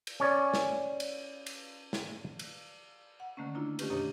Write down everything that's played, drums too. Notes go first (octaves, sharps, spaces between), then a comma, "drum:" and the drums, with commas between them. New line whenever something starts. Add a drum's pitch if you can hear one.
drum: cymbal
C#4 C#5 D5
drum: snare
drum: cymbal
drum: cymbal
drum: snare
drum: cymbal
F#5
D3 D#3 A3 A#3 C#4
A#3 D4 E4 F4
D#3 A3 C#4 F4 G4 B4, drum: cymbal
F#2 B2 D4 G4 C#5 D#5